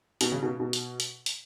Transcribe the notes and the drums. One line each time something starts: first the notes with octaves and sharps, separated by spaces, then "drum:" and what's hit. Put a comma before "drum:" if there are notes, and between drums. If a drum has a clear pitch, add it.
B2, drum: hi-hat
C#3
B2
B2
drum: hi-hat
drum: hi-hat
drum: hi-hat